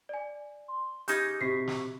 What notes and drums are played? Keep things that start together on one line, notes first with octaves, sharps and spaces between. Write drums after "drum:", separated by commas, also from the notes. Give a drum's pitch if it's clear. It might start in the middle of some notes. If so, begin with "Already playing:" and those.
D5 G#5
C6
C#3 D#4 G4 G6 G#6, drum: hi-hat
C3 F#4 C#6 B6 C7
drum: snare